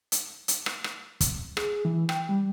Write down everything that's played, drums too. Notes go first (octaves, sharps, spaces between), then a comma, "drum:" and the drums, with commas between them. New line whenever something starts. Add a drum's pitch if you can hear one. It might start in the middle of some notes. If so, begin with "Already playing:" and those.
drum: hi-hat
drum: hi-hat
drum: rim click
drum: rim click
drum: kick, hi-hat
G#4, drum: rim click
E3
G5, drum: rim click
G3